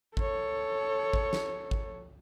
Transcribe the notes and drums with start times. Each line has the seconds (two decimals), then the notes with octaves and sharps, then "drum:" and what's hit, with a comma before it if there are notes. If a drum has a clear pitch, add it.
0.17 A4 C#5, drum: kick G#1
1.13 drum: kick G#1
1.33 drum: snare
1.71 drum: kick G#1